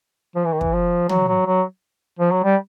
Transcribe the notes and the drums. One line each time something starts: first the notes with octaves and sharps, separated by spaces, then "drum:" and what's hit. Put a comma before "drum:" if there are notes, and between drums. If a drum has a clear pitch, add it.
F3
E3
D#3
E3, drum: kick
F3
F#3, drum: tom
F#3
F#3
F3
F#3
G3